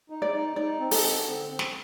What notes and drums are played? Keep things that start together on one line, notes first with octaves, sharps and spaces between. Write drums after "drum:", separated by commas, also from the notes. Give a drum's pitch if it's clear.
D#4
D5
D#4
D#4 D5
C4
A4, drum: open hi-hat
D3
C4
C4
drum: snare